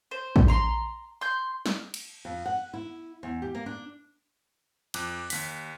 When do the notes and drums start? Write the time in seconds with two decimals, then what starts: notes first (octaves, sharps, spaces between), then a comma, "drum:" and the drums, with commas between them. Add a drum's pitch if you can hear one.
0.11 C5
0.36 drum: kick
0.48 A#5 C6
1.21 C6 G6
1.66 drum: snare
1.94 drum: cymbal
2.25 F2
2.46 F#5
2.74 E4
3.23 E2
3.42 G4
3.55 A#3
3.66 D4
4.94 F2 D6 F#6, drum: cymbal
5.30 D#2 B6, drum: open hi-hat